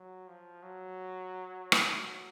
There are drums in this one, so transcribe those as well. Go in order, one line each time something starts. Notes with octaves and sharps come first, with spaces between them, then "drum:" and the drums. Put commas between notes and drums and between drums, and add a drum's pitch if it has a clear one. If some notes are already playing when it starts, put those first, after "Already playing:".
Already playing: F#3
F3
F#3
F#3, drum: rim click